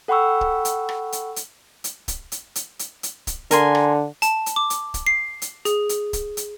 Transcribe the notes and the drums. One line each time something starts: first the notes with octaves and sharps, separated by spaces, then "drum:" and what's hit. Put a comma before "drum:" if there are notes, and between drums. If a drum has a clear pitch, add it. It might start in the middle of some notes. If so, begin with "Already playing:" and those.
A4 F#5 G5 B5 C#6 E6
drum: kick
drum: hi-hat
drum: rim click
drum: hi-hat
drum: hi-hat
drum: hi-hat
drum: kick, hi-hat
drum: hi-hat
drum: hi-hat
drum: hi-hat
drum: hi-hat
drum: kick, hi-hat
D3 A#4 G#5 C6, drum: hi-hat
drum: rim click
A5, drum: hi-hat
drum: hi-hat
D6
drum: hi-hat
drum: kick, hi-hat
C7
drum: hi-hat
G#4, drum: hi-hat
drum: hi-hat
drum: kick, hi-hat
drum: hi-hat